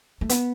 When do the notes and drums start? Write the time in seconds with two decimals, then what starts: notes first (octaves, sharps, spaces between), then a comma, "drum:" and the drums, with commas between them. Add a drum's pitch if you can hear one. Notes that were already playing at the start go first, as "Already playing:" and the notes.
0.21 A3
0.29 B3, drum: hi-hat